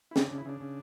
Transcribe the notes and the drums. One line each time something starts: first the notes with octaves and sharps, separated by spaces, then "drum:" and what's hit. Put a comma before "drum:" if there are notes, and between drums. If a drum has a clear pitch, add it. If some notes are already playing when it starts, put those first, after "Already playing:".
E4
C#3 D4, drum: snare
D4
C#3
E4
C#3 D4
C#3